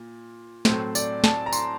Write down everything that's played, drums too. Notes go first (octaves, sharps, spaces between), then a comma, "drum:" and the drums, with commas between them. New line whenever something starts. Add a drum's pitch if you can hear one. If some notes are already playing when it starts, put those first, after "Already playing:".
Already playing: A#2
A2 F#3 A3 C4 C5, drum: snare
D5, drum: tambourine
A5, drum: snare
A#5
C6, drum: tambourine